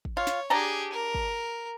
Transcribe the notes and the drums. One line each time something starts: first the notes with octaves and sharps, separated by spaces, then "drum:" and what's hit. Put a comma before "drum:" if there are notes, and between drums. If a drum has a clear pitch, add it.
drum: kick
F4 C#5
drum: snare
D4 G4 G#4 A5 A#5
A#4
drum: kick